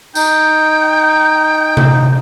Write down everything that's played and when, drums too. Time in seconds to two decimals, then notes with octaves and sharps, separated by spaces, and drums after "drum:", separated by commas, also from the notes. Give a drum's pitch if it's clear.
0.15 D#4 G5, drum: tambourine
1.77 drum: tom C3